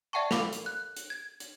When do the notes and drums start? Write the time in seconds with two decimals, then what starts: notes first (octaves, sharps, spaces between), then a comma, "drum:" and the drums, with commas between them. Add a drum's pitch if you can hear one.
0.13 D5 E5 F#5 G5 A5 C#6
0.31 A4 A#4 F5 B5 D6, drum: snare
0.53 drum: hi-hat
0.66 F#6
0.97 drum: hi-hat
1.10 G#6
1.40 drum: hi-hat